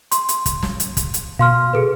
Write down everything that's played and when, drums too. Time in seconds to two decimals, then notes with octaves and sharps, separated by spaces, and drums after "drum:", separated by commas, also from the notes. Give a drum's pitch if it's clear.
0.12 C6, drum: hi-hat
0.29 drum: hi-hat
0.46 drum: kick, hi-hat
0.63 drum: snare
0.80 drum: hi-hat
0.97 drum: kick, hi-hat
1.14 drum: hi-hat
1.39 B2 F5 C6 F6
1.73 G#4 A4 B4